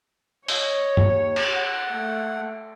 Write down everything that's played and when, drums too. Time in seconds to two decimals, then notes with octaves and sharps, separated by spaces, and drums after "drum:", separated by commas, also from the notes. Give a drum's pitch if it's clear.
0.48 C#5 D#5, drum: open hi-hat
0.97 D#2, drum: tom
1.36 drum: cymbal
1.53 F#5
1.90 A3